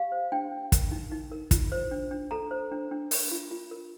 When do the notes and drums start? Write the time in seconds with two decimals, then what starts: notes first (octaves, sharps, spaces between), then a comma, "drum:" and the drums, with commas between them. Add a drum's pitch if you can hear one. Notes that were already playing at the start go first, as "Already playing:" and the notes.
Already playing: G4 F5
0.12 C5
0.32 D4 G5
0.52 D4
0.72 A#4, drum: kick, hi-hat
0.91 D#4
1.12 D#4
1.32 A#4
1.51 F4, drum: kick, hi-hat
1.72 C5
1.91 D4
2.11 D4
2.31 A4 A#5
2.51 C5
2.72 D4
2.91 D4
3.11 A#4, drum: open hi-hat
3.31 F4
3.51 F4
3.71 A#4